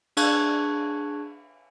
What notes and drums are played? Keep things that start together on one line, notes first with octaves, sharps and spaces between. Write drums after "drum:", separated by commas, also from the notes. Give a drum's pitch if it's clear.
D4 G#4 A5 C#6 F#6 G#6, drum: cymbal